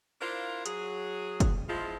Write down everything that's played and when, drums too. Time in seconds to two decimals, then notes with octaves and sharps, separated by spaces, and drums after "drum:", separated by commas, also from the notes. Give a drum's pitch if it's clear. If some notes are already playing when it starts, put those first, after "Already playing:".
0.21 D4 E4 F4 A#4 C5 F5
0.66 F#3 G#4, drum: hi-hat
1.40 drum: kick, hi-hat
1.68 E2 F3 G#3 E4 F4